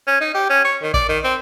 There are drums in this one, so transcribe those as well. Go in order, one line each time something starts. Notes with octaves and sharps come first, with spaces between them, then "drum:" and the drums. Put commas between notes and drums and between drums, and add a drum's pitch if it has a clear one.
C#4
D#4
G4
C#4
C#5
D#3
D5, drum: kick A#1
D#3
C4